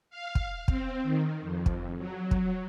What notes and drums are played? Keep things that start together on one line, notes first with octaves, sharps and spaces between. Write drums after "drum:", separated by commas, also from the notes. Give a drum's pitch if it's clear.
F5
drum: kick
C4, drum: kick
D#3
F2
drum: kick
F#3
drum: kick